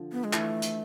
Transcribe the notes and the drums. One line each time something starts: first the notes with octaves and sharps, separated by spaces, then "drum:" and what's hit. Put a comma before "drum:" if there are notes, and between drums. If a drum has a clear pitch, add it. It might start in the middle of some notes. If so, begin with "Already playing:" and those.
Already playing: D3 F3
B3
G#3
E3 A3, drum: clap
drum: hi-hat